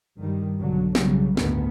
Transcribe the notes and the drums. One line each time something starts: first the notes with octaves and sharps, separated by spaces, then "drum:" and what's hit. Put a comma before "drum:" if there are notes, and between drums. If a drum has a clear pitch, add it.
G2 D#3 G3
B1 D3 F#3
B1 C#3 F#3 G3, drum: snare
G1 D2 A2 D#3 B3, drum: snare